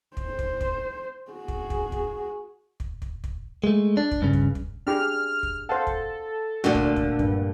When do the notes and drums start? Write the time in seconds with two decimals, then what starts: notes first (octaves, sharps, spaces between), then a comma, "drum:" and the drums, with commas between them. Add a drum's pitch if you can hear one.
0.17 C5, drum: kick
0.39 drum: kick
0.61 drum: kick
1.31 F#4 G#4
1.48 drum: kick
1.70 drum: kick
1.92 drum: kick
2.80 drum: kick
3.02 drum: kick
3.24 drum: kick
3.64 G#3 A3
3.97 D4
4.11 drum: kick
4.22 G2 C#3
4.33 drum: kick
4.55 drum: kick
4.87 D4 G4 G#4 F6
5.43 drum: kick
5.69 A4 C5 F5 F#5
5.87 drum: kick
6.64 A#2 D3 A3 D4 F#4
6.74 drum: kick
6.96 drum: kick
7.19 G2, drum: kick